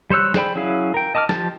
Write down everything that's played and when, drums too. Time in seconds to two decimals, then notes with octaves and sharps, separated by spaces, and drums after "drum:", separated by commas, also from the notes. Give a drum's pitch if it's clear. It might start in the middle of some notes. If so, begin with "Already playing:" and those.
0.10 G3 C5 C#5 E6 F#6
0.34 G#4 C5 D5 G5 B5, drum: snare
0.55 F#3 C#4 E4 G#4 F5
0.94 A#4 G5
1.15 D#5 A5 D6 D#6 F6
1.29 F3 G4 A5, drum: snare